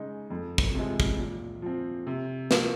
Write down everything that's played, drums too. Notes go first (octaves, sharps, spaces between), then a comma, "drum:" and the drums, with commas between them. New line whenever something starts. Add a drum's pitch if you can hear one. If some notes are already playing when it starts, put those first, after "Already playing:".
Already playing: C#3 G#3 D#4
F2
drum: kick
C3 F3 G#3
drum: kick
A#2
F3 C4
C3
F3 A#3, drum: snare